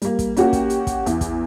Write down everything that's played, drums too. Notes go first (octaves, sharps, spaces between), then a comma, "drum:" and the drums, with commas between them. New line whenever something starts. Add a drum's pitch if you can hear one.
G3 A#3, drum: hi-hat
drum: kick, hi-hat
A#3 C#4 F#4 G4, drum: hi-hat
drum: kick, hi-hat
drum: hi-hat
drum: kick, hi-hat
E2, drum: hi-hat
drum: kick, hi-hat